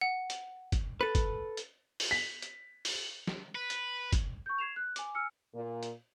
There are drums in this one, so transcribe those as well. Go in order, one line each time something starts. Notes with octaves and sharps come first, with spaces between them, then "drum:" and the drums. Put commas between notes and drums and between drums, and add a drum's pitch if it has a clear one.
F#5
drum: hi-hat
drum: kick F#1, hi-hat
A4 B4
drum: kick F#1, hi-hat
drum: hi-hat
drum: open hi-hat
B6
drum: hi-hat
drum: open hi-hat
drum: snare
B4
drum: hi-hat
drum: kick F#1, hi-hat
C#6 G6
G#6 C7 E7 F7
F#6
G#5 D6, drum: hi-hat
G#5 E6 F6 C#7
A#2
drum: hi-hat